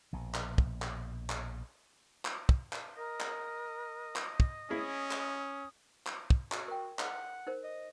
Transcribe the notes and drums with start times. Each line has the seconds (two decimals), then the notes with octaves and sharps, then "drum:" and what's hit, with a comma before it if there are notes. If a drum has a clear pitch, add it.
0.13 A#1 B2
0.34 drum: clap
0.58 drum: kick
0.82 drum: clap
1.30 drum: clap
2.25 drum: clap
2.49 drum: kick
2.73 drum: clap
2.97 A#4 D#5
3.20 drum: clap
4.16 drum: clap
4.40 drum: kick
4.70 C#4 E4 G#4 D#6
5.11 drum: clap
6.07 drum: clap
6.30 drum: kick
6.52 F#4, drum: clap
6.68 A#4 G5
6.99 F#5, drum: clap
7.47 D#4 A#4 C5
7.64 D#5